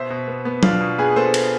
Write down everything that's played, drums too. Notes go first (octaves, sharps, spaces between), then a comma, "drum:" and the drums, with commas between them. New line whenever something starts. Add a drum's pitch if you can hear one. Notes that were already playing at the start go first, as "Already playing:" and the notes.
Already playing: B2 C5 E5
B2
B3
B3
B2 D4 F4, drum: tom
B2
B3 G#4 B4
B3 A4 C5
drum: cymbal